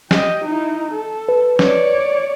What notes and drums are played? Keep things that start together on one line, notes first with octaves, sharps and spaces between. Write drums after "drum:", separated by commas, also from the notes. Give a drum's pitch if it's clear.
G4 D#5, drum: snare
D#4 E4
A4
B4
C#5 D5, drum: snare